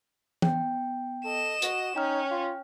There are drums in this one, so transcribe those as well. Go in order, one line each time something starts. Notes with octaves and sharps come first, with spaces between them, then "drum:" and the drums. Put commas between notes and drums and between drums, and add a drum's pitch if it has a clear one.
B3 G5, drum: tom
A4 D#5 E7
F#4, drum: hi-hat
C#4 D#4 G5 F6
F4